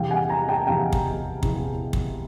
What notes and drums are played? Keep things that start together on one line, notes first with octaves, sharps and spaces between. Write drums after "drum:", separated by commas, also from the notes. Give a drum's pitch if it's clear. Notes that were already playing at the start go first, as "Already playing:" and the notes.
Already playing: E2 C3 E3 G3 F5 G5
F#5 G#5
G#5 A#5
G5 A5
E2 C3 E3 G3 F5 G5
drum: kick
E2 C3 E3 G3, drum: kick
drum: kick